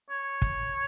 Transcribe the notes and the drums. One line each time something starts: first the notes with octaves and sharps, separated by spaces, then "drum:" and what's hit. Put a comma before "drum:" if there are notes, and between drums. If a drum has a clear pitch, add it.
C#5
drum: kick